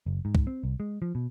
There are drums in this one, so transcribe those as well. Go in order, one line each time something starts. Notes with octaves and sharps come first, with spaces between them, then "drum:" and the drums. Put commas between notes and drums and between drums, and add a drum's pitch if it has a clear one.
F#1
G#2
drum: kick
C4
C2
G#3
F3
B2